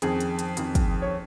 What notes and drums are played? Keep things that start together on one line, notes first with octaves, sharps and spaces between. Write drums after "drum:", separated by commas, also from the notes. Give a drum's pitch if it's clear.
F2 D#3 G#4, drum: hi-hat
drum: hi-hat
drum: hi-hat
F2 D#3, drum: hi-hat
drum: kick, hi-hat
C#5